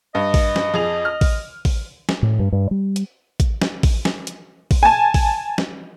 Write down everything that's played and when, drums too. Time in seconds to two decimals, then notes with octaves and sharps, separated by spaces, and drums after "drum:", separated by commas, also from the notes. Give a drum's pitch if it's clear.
0.15 G2 D#5
0.34 drum: kick A1, open hi-hat
0.56 drum: snare
0.74 F2 G#4 F7
1.05 F6
1.21 drum: kick A1, open hi-hat
1.65 drum: kick A1, open hi-hat
2.09 drum: snare
2.22 A2
2.39 G2
2.52 G2
2.71 G3
2.96 drum: hi-hat
3.40 drum: kick A1, hi-hat
3.62 drum: snare
3.83 drum: kick A1, open hi-hat
4.05 drum: snare
4.27 drum: hi-hat
4.71 drum: kick A1, open hi-hat
4.83 G#5 A5
5.14 drum: kick A1, open hi-hat
5.58 drum: snare